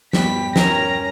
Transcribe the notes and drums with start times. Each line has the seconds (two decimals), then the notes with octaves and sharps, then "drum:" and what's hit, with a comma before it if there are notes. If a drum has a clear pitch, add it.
0.13 G3 B3 G5 B6, drum: snare
0.56 C#4 A#4 A#5 A#6, drum: snare